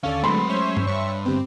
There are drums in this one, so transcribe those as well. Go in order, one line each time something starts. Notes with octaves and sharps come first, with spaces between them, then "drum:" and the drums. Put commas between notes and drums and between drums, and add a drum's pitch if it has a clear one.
D#2 D3 C#4 A4 D5 F5
F#3 G#3 A3 C4 B4 B5 C6
C#4 C5 C#5 E5
drum: tom G2
G2 C#5 E5 C#6
D3 B3 C4 G4